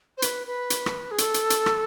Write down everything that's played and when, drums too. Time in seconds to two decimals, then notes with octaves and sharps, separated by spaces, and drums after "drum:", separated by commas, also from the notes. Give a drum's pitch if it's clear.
0.17 C5
0.22 B4, drum: hi-hat
0.46 B4
0.70 drum: hi-hat
0.86 drum: rim click
1.11 G#4
1.18 A4, drum: hi-hat
1.34 drum: hi-hat
1.50 drum: hi-hat
1.66 drum: rim click